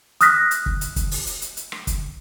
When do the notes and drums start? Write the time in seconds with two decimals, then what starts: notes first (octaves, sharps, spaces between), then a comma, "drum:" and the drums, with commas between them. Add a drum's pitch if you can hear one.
0.21 D#6 F6 F#6 A#6 B6, drum: hi-hat
0.51 drum: hi-hat
0.66 drum: kick
0.81 drum: hi-hat
0.96 drum: kick, hi-hat
1.11 drum: open hi-hat
1.27 drum: hi-hat
1.42 drum: hi-hat
1.57 drum: hi-hat
1.72 drum: rim click
1.87 drum: kick, hi-hat